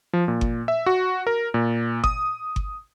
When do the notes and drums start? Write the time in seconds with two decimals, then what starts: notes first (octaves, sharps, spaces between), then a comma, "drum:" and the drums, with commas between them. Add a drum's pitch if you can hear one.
0.13 F3
0.28 A#2
0.41 drum: kick G1
0.68 E5
0.86 F#4
1.27 A#4
1.54 A#2
2.04 D#6, drum: kick G1
2.56 drum: kick G1